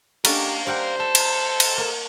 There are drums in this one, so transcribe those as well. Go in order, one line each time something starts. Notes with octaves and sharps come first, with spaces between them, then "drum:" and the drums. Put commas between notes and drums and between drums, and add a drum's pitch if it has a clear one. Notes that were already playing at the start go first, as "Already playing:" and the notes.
C#4 D4 G4 A4 A#4 F5, drum: cymbal
G3 G4 C5 F#5
A4 E5
drum: cymbal
drum: cymbal
A#3